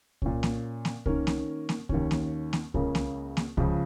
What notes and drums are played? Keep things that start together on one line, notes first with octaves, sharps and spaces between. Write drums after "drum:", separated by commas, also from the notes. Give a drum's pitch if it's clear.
A#2 A#3 C#4, drum: kick C2
drum: snare A#3
drum: snare A#3
D#3 A#3 C#4 A#4, drum: kick C2
drum: snare A#3
drum: snare A#3
D#2 D#3 C#4, drum: kick C2
drum: snare A#3
drum: snare A#3
C#2 C#3 A#3 C#4 G#4, drum: kick C2
drum: snare A#3
drum: snare A#3
C#2 C#3 F3, drum: kick C2